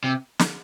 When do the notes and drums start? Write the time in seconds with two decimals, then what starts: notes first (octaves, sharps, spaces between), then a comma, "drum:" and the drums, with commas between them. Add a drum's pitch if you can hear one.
0.04 C3
0.39 drum: snare